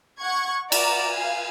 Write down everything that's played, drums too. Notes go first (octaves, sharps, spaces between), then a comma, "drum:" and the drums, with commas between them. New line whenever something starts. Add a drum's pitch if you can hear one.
F#5 C#6 G#6
D5 F#5 A#5, drum: cymbal
F5 G#5